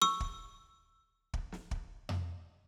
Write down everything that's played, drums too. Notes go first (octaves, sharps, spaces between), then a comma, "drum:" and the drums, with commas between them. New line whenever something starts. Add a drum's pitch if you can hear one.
C#6 E6, drum: snare
drum: kick
drum: kick
drum: snare
drum: kick
drum: tom F2